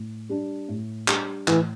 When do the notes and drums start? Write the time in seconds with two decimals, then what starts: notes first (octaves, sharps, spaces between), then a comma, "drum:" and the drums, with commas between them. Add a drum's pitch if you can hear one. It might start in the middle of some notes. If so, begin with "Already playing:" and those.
Already playing: A2
0.29 G3 D4
0.69 A2
1.08 G3 D4, drum: clap
1.48 A2 E3, drum: clap